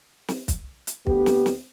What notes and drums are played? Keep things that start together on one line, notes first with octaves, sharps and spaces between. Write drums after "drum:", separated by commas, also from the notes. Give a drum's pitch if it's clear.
drum: snare
drum: kick, hi-hat
drum: hi-hat
D2 B3 G4, drum: kick
drum: snare
drum: snare